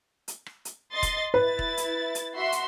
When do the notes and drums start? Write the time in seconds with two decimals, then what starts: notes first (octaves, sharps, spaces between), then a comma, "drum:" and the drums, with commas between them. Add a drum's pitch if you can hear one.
0.28 drum: hi-hat
0.46 drum: rim click
0.65 drum: hi-hat
0.93 D#5 C6 A6
1.03 drum: kick E1, hi-hat
1.34 E4 B4 A6
1.59 drum: kick E1
1.77 drum: hi-hat
2.15 drum: hi-hat
2.34 F#4 E5 C6
2.52 drum: hi-hat